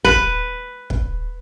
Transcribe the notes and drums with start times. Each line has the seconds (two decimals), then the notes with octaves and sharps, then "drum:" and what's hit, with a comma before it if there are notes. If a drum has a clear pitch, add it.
0.05 B4, drum: kick
0.90 drum: kick